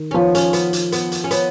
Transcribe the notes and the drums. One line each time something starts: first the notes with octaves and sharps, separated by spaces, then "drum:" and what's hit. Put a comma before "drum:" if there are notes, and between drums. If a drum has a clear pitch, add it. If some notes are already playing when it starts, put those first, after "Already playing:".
Already playing: D#3
C#4
F3 B3
C#4, drum: hi-hat
B3, drum: hi-hat
drum: hi-hat
B3, drum: hi-hat
drum: hi-hat
C#4
B3, drum: hi-hat